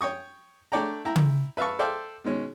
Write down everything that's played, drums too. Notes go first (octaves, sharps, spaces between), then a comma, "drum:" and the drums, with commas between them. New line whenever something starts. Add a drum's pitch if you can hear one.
C#5 G5 C#6 D#6
A3 D4 C#5 D5 G5 A#5
E4 G5 A#5
drum: tom C#3
B4 E5 F5 A5 C#6
A4 C5 D5 E5 F5 G5
B2 D#3 G#3 C#4